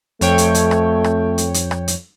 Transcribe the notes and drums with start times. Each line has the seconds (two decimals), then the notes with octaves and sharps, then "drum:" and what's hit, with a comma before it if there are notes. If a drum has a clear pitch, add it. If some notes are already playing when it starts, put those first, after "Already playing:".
0.21 F2 A3 C#5 G5, drum: hi-hat
0.38 drum: hi-hat
0.55 drum: hi-hat
0.71 drum: rim click
1.04 drum: rim click
1.38 drum: hi-hat
1.54 drum: hi-hat
1.71 drum: rim click
1.88 drum: hi-hat